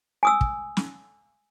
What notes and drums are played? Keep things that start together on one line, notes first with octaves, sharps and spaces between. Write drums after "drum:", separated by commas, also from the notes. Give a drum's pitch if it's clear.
G#5 D#6 E6
drum: kick
drum: snare